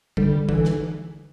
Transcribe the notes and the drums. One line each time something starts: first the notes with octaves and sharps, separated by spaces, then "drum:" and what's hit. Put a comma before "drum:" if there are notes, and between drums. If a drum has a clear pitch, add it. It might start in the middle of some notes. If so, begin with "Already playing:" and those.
D3 G3, drum: kick
D3 E3, drum: kick
drum: snare